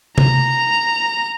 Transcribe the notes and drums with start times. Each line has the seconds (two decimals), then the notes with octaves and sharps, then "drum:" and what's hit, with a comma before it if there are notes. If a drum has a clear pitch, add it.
0.18 A#5, drum: tom C3